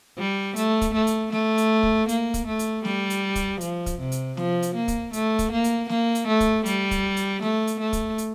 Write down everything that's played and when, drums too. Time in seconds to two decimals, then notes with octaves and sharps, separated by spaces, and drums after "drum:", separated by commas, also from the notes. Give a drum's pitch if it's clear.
0.18 G3
0.56 A3, drum: hi-hat
0.81 drum: kick, hi-hat
0.94 A3
1.07 drum: hi-hat
1.32 A3, drum: snare
1.58 drum: hi-hat
1.83 drum: kick
2.09 A#3, drum: hi-hat
2.34 drum: kick, hi-hat
2.47 A3
2.59 drum: hi-hat
2.85 G3, drum: snare
3.10 drum: hi-hat
3.35 drum: kick, hi-hat
3.61 F3, drum: hi-hat
3.86 drum: kick, hi-hat
3.99 C3
4.12 drum: hi-hat
4.37 F3, drum: snare
4.62 drum: hi-hat
4.75 A#3
4.88 drum: kick, hi-hat
5.13 A3, drum: hi-hat
5.39 drum: kick, hi-hat
5.52 A#3
5.64 drum: hi-hat
5.89 A#3, drum: snare
6.15 drum: hi-hat
6.27 A3
6.40 drum: kick, hi-hat
6.66 G3, drum: hi-hat
6.91 drum: kick, hi-hat
7.17 drum: hi-hat
7.42 A3, drum: snare
7.67 drum: hi-hat
7.80 A3
7.93 drum: kick, hi-hat
8.18 drum: hi-hat